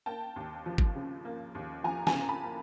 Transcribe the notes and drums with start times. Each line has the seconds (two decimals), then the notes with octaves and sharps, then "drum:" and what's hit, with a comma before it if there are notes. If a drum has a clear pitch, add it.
0.06 A#3 G5 A5
0.36 D#2
0.66 F3
0.78 drum: kick G1
0.96 C#3
1.25 A#3
1.55 D#2
1.84 F3 G#5 A#5
2.07 G#5 A#5, drum: snare
2.14 C#3
2.29 A5 B5
2.44 A#3